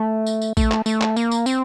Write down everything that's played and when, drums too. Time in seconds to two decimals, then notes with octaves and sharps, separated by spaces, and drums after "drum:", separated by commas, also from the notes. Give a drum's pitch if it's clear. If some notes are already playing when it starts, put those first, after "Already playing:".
Already playing: A3
0.27 drum: tambourine
0.42 drum: tambourine
0.57 A3, drum: kick, tambourine
0.71 drum: clap
0.86 A3, drum: tambourine
1.01 drum: clap
1.16 A#3, drum: tambourine
1.31 drum: tambourine
1.46 C4, drum: tambourine